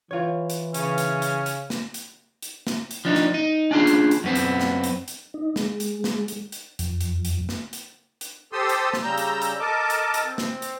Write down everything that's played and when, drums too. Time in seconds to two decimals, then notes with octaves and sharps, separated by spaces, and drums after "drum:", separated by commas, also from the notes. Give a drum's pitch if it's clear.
0.11 E3 F4 C#5
0.50 drum: hi-hat
0.74 C#3 C#4, drum: hi-hat
0.98 drum: hi-hat
1.22 drum: hi-hat
1.46 drum: hi-hat
1.70 drum: snare
1.94 drum: hi-hat
2.43 drum: hi-hat
2.67 drum: snare
2.91 drum: hi-hat
3.05 F3 D4 D#4
3.15 drum: snare
3.34 D#4
3.71 C#4 D4 F4 G#4
3.87 drum: hi-hat
4.11 drum: hi-hat
4.24 F#2 B3 C4
4.35 drum: hi-hat
4.59 drum: snare
4.84 drum: hi-hat
5.08 drum: hi-hat
5.34 D#4
5.56 G#3, drum: snare
5.80 drum: hi-hat
6.04 drum: snare
6.28 drum: hi-hat
6.52 drum: hi-hat
6.79 F2, drum: hi-hat
7.01 drum: hi-hat
7.25 drum: hi-hat
7.49 drum: snare
7.73 drum: hi-hat
8.21 drum: hi-hat
8.53 G4 A4 C5 C6 D#6 E6
8.69 drum: hi-hat
8.93 drum: snare
9.03 C#3 G3 A#5 E6 G6
9.18 drum: hi-hat
9.42 drum: hi-hat
9.60 A4 A#4 D#5 A5 D6
9.90 drum: hi-hat
10.14 drum: hi-hat
10.25 C4
10.38 drum: snare
10.62 drum: hi-hat